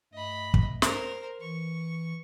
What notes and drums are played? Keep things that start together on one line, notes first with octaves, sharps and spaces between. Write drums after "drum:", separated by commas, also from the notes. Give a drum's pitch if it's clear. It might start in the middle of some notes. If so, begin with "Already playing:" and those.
G2 A3 D#5 B5
drum: kick
A#4 C5, drum: snare
E3 C#6